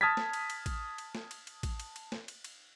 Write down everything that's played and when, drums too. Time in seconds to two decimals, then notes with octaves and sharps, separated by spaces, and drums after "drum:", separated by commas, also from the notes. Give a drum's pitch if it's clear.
0.01 A5 D#6 F6 G#6 A6 B6
0.17 drum: snare
0.33 drum: cymbal
0.50 drum: cymbal
0.66 drum: kick A1, cymbal
0.98 drum: cymbal
1.15 drum: snare
1.31 drum: cymbal
1.47 drum: cymbal
1.63 drum: kick A1, cymbal
1.80 drum: cymbal
1.96 drum: cymbal
2.12 drum: snare
2.28 drum: cymbal
2.44 drum: cymbal